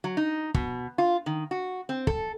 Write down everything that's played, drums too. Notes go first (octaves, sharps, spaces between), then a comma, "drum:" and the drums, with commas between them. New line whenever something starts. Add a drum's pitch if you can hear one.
F#3
D#4
B2, drum: kick
F4
D#3
F#4
C4
A4, drum: kick